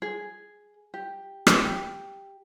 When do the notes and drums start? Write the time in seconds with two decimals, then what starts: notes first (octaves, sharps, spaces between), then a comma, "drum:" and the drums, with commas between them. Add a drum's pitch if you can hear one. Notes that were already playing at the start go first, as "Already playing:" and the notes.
0.02 G#4
0.94 G4
1.47 drum: rim click
1.64 G4